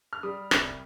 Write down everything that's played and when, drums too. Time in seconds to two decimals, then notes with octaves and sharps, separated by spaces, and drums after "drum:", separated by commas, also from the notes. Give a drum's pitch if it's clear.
0.13 F6
0.23 G3 D#6
0.51 C2, drum: rim click